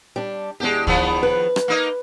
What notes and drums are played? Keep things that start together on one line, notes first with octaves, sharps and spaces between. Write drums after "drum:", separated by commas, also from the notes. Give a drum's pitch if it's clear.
G3 D4
E2 G#3 D4 G4
D#3 F3 B3, drum: kick
B4
drum: rim click
A#3 D#4 D#5